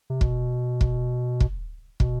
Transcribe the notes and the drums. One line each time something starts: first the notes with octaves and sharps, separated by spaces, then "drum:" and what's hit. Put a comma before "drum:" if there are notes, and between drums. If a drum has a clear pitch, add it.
C3
B2, drum: kick
drum: kick
drum: kick
B2, drum: kick